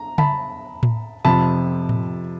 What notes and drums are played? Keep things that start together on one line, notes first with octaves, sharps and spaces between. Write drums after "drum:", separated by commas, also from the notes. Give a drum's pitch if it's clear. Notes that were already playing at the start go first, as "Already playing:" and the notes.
Already playing: A#5
A5 B5, drum: tom C#3
drum: tom A2
F2 C3 F3 A5 B5
drum: tom A2